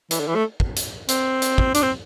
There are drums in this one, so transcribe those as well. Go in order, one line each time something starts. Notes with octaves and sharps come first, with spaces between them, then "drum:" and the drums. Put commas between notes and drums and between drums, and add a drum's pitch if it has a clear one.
E3, drum: hi-hat
D3
E3
A3
drum: kick
drum: hi-hat
C4, drum: hi-hat
drum: hi-hat
drum: kick
D4, drum: hi-hat
C4